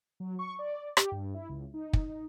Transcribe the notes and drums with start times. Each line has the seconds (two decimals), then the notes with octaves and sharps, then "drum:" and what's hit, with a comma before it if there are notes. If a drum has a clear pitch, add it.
0.20 F#3
0.39 C#6
0.59 D5
0.97 G4, drum: rim click
1.12 G2
1.34 E4
1.49 C#2
1.74 D#4
1.93 drum: kick